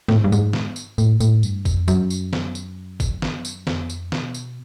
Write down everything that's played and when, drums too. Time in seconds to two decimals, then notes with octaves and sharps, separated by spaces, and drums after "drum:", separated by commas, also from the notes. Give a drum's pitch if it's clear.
0.08 A2, drum: snare
0.17 G#2
0.24 G2
0.32 G#2, drum: tambourine
0.53 drum: snare
0.76 drum: tambourine
0.98 A2, drum: tambourine
1.21 A2, drum: tambourine
1.43 G2, drum: tambourine
1.65 F2, drum: kick G1, tambourine
1.88 F#2, drum: tambourine
2.10 drum: tambourine
2.33 drum: snare
2.55 drum: tambourine
3.00 drum: kick G1, tambourine
3.22 drum: snare
3.45 drum: tambourine
3.67 F2, drum: snare
3.90 drum: tambourine
4.12 B2, drum: snare
4.34 drum: tambourine